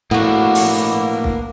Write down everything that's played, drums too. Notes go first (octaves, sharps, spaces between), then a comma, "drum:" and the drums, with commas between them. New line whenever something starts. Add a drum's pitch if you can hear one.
A2 A#3 B3 D4 F#4
drum: open hi-hat
drum: kick